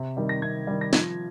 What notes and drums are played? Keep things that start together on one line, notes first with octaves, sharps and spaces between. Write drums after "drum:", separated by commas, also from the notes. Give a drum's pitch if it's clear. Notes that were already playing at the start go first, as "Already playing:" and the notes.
Already playing: C3
D#3 G3
A#6
C3 G#6
D#3 G3
A#6
F3 G#6, drum: snare